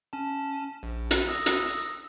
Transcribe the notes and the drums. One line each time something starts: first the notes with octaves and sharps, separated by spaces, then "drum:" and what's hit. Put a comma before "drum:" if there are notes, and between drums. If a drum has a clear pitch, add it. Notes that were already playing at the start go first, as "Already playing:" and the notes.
C#4 A5
A#1
drum: hi-hat
D#6 E6 A#6
drum: hi-hat